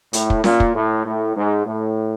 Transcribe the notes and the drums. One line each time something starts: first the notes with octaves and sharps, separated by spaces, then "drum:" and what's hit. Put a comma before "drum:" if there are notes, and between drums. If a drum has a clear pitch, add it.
A2, drum: hi-hat
drum: kick
A#2, drum: snare C#4
drum: kick
A2
A2
G#2
A2